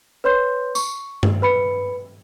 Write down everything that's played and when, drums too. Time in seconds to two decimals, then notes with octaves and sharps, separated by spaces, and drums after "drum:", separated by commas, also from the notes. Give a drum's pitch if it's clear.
0.24 B4 C#5 C6 G6
0.75 C#6, drum: tambourine
1.23 drum: tom G2
1.42 B4 B5 C#7